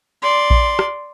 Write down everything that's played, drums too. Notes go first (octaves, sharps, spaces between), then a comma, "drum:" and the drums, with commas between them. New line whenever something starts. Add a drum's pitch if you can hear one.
D5 C6
drum: kick A#1
drum: rim click